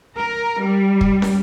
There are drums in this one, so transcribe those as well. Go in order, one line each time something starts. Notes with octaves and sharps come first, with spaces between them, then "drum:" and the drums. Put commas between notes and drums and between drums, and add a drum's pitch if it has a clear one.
A#4
G3
drum: kick
drum: snare